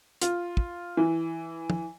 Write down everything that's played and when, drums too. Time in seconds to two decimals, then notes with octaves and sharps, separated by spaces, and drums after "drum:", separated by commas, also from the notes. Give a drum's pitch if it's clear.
0.21 F4, drum: hi-hat
0.57 drum: kick
0.97 E3
1.70 drum: tom